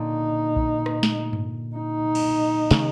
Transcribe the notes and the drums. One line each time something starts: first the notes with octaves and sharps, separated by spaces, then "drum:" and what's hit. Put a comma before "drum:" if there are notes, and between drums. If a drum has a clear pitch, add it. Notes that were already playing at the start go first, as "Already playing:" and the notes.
Already playing: A#2 D3 D#4
drum: kick A#1
drum: rim click
drum: snare
drum: tom G2
D#4
drum: cymbal
C3 D#3, drum: snare